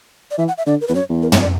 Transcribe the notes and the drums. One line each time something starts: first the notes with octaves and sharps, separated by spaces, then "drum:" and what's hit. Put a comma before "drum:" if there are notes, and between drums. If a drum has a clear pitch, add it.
D5
E3 E5
F#5
E5
D3 D5
A#4
E2 B4
F#2 C#5
E2
A#4
C#5, drum: tom
D5